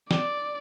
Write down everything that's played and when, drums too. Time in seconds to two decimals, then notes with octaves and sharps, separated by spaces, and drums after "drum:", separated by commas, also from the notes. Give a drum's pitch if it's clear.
0.11 D5, drum: snare